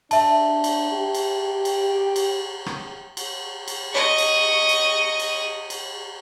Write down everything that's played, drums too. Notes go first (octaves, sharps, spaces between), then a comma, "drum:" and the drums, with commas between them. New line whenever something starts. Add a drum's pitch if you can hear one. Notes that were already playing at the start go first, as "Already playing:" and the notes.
D4 E5 A5, drum: cymbal
drum: cymbal
G4
drum: cymbal
drum: cymbal
drum: cymbal
drum: rim click
drum: cymbal
drum: cymbal
D#5 C#6
drum: cymbal
drum: cymbal
drum: cymbal
drum: cymbal